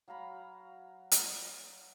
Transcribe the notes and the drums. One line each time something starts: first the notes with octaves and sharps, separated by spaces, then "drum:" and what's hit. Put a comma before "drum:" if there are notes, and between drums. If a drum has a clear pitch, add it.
F#3 F5 A#5 B5
drum: hi-hat